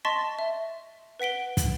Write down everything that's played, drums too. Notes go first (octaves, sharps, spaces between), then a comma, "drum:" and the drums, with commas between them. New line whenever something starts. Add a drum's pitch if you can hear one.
D#5 A5 C6 C#6 A6 B6
E5
B4 F#5 B6 D7 G7
drum: kick, hi-hat